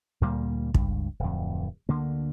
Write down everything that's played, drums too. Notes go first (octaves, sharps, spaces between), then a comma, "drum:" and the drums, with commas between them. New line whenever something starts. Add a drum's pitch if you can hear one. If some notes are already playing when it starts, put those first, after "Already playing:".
D2 A#2 G3 A#3
C#2 G2, drum: kick
D1 F2
D2 D3 A#3